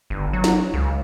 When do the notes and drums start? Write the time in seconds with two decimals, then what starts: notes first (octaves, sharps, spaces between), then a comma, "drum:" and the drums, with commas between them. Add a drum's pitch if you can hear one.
0.10 G1
0.33 F#3
0.44 drum: snare
0.74 C#2